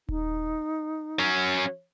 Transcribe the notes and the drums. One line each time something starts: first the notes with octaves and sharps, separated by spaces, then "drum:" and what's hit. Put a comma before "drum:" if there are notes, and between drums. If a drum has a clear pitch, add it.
D#4, drum: kick D#1
F#3 C#4